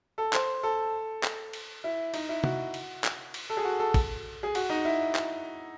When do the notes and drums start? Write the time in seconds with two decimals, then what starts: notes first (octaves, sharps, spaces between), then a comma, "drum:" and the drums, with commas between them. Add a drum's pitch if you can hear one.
0.18 A4
0.33 C5, drum: clap
0.63 A4
1.23 drum: clap
1.53 drum: cymbal
1.84 E4
2.14 D#4, drum: cymbal
2.29 E4
2.44 F#4, drum: tom
2.74 drum: cymbal
3.04 drum: clap
3.34 drum: cymbal
3.50 A4
3.57 G#4
3.64 F#4
3.80 A4
3.94 drum: kick, cymbal
4.43 G#4
4.55 F#4, drum: cymbal
4.70 D#4
4.85 E4
5.15 drum: clap